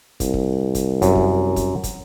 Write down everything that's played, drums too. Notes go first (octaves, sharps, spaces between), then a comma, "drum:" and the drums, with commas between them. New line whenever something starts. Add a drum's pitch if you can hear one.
C2, drum: kick, hi-hat
drum: kick
drum: kick, hi-hat
F#2, drum: kick, hi-hat
drum: kick
drum: kick, hi-hat
drum: kick, hi-hat